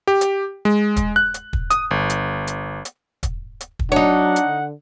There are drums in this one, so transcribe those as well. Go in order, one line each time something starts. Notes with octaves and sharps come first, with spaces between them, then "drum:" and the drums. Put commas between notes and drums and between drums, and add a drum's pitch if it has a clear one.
G4
drum: hi-hat
G#3
drum: kick, hi-hat
F#6
drum: hi-hat
drum: kick
D#6, drum: hi-hat
G1
drum: hi-hat
drum: hi-hat
drum: hi-hat
drum: kick, hi-hat
drum: hi-hat
drum: kick
F#3 D4 D#4 C#5 F#5
drum: hi-hat
D3